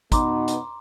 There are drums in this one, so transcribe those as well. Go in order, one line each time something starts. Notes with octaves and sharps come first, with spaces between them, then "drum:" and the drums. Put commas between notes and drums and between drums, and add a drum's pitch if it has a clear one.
B2 B3 D#4 A#5 C6 D6, drum: kick, hi-hat
drum: hi-hat